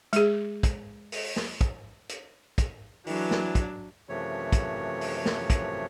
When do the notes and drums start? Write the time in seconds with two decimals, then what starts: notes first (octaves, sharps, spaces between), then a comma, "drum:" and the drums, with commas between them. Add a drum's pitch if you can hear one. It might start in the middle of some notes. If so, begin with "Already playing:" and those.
0.13 G#3 G#4, drum: hi-hat
0.63 drum: kick, hi-hat
1.12 drum: open hi-hat
1.36 drum: snare
1.61 drum: kick, hi-hat
2.09 drum: hi-hat
2.58 drum: kick, hi-hat
3.07 E3 F#3 D4, drum: open hi-hat
3.31 drum: snare
3.55 drum: kick, hi-hat
4.09 F#2 C3 E3 F3 A3 C#5
4.52 drum: kick, hi-hat
5.01 drum: open hi-hat
5.25 drum: snare
5.50 drum: kick, hi-hat